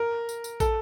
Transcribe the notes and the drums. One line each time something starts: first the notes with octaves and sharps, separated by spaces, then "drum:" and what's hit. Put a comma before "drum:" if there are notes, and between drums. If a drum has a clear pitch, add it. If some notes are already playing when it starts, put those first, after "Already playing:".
Already playing: A#4
drum: tambourine
drum: tambourine
A4, drum: kick, tambourine